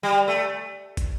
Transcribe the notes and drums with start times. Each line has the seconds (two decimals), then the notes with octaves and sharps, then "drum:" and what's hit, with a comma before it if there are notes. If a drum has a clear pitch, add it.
0.03 G3
0.28 A3
0.97 drum: kick, hi-hat